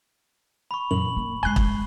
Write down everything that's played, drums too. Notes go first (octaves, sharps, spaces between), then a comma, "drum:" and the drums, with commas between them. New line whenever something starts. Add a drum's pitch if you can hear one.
B5 C#6
F#2 A#2 E3 F#7
A#3
G2 G#3 G#5 F#6 C7 G7
drum: kick